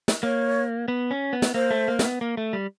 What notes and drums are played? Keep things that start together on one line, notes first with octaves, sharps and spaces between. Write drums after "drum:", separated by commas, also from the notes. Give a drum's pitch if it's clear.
drum: snare
A#3 C#5
B3
C#4
B3
drum: snare
A#3 C5
A3
A#3
C4, drum: snare
B3
A#3
A3
G3